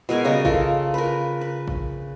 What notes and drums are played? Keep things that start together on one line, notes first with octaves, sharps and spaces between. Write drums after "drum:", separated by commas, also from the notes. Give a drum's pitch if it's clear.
B2 G#3 A#4 G#5
C#3 G3 A#4 D#5
F4 A4 A#4, drum: kick A1
A#4 B4
B4
drum: kick A1